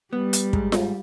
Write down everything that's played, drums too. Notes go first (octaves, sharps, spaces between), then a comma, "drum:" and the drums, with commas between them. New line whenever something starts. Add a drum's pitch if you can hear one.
G3 B3
drum: hi-hat
G#2, drum: kick
drum: snare F4